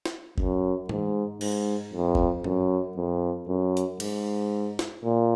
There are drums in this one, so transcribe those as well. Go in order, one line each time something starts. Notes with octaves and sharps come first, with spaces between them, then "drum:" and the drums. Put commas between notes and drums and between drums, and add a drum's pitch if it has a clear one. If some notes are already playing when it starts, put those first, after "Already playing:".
drum: snare
F#2, drum: kick F#1
G#2, drum: tom
G#2, drum: cymbal
F2
drum: kick F#1
F#2, drum: tom G2
F2
F#2
drum: hi-hat
G#2, drum: cymbal
drum: snare
A#2